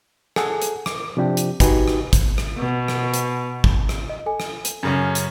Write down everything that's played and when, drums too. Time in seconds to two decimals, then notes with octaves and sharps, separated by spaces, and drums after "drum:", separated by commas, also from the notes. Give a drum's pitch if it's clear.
0.36 G#4 A4 F#5 G#5, drum: rim click
0.62 drum: hi-hat
0.86 D6, drum: rim click
1.17 C3 F3 D4 F4 G4
1.37 drum: hi-hat
1.60 D#4 F#4 G4 B4 G#5, drum: kick G#1, hi-hat
1.88 drum: rim click
2.13 drum: kick G#1, hi-hat
2.38 drum: rim click
2.58 B2
2.88 drum: rim click
3.14 drum: hi-hat
3.64 drum: kick G#1
3.89 drum: rim click
4.09 D#5
4.26 A4 G#5
4.40 drum: rim click
4.65 drum: hi-hat
4.83 F#2 C#3 C#4
5.15 drum: hi-hat